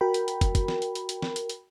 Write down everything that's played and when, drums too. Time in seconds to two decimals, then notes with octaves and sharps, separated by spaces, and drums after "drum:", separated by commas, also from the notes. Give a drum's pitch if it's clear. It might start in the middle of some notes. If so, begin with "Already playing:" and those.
0.01 F#4 A#4 G5 B5
0.14 drum: hi-hat
0.28 drum: hi-hat
0.41 drum: kick, hi-hat
0.55 drum: kick, hi-hat
0.68 drum: snare
0.82 drum: hi-hat
0.95 drum: hi-hat
1.09 drum: hi-hat
1.22 drum: snare
1.36 drum: hi-hat
1.49 drum: hi-hat